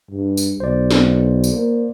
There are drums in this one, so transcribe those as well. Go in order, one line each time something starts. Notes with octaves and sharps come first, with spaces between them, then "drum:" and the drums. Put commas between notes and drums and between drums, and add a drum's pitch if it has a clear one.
G2
drum: tambourine
B1 C5 D5
drum: snare
drum: tambourine
A#3